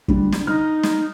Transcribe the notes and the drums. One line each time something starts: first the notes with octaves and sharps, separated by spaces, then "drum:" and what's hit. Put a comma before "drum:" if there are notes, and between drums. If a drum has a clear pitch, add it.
D3 G3, drum: kick
D3, drum: snare
D#4 F6
drum: snare